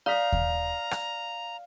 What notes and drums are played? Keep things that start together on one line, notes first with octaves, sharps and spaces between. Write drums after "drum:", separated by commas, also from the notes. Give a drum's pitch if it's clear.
D5 F5 A#5 D#6 B6
drum: kick D#2
drum: rim click